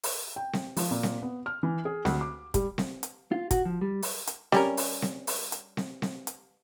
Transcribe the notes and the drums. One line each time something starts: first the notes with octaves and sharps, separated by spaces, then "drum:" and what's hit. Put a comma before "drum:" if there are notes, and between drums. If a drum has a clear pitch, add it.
drum: open hi-hat
G5
drum: snare C4
F3, drum: open hi-hat
A#2
drum: snare C4
B3
F6
E3
G#4
D2, drum: snare C4
D6
G3, drum: kick, hi-hat
drum: snare C4
drum: hi-hat
F4
F#4, drum: kick, hi-hat
F3
G3
drum: open hi-hat
drum: hi-hat
G3 C#4 A#4, drum: snare C4
drum: open hi-hat
drum: snare C4
drum: open hi-hat
drum: hi-hat
drum: snare C4
drum: snare C4
drum: hi-hat